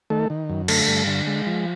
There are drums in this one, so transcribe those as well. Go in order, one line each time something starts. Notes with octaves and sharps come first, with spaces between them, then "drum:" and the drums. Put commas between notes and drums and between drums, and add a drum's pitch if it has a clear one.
D#3 A3 A4
D#3
F#2
D3 A3 A4, drum: cymbal
G2
D3
G#3
F3